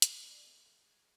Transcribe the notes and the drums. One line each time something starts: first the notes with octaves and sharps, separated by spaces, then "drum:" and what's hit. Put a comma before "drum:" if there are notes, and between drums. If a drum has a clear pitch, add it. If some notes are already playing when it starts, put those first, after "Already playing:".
drum: hi-hat
G#3 B3 D4
G#3 A3 C4
A2 A3
G#3